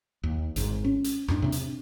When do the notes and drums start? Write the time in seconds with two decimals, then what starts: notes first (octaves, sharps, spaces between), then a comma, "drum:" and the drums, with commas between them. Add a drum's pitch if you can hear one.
0.23 D#2
0.56 G#1 G#2, drum: hi-hat
0.84 C#4
1.04 drum: hi-hat
1.28 E2 G#2 D4, drum: rim click
1.42 C3 C4 D4
1.52 drum: hi-hat